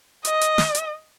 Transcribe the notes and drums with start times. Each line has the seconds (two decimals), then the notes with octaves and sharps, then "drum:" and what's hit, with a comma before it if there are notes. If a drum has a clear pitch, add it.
0.25 D#5, drum: hi-hat
0.41 drum: hi-hat
0.58 drum: snare
0.75 drum: hi-hat